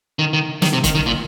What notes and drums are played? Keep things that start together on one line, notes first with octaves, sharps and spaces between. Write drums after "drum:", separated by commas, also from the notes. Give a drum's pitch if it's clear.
D#3
D#3
D#3, drum: snare
C3
D#3, drum: kick, hi-hat
D#3
A#2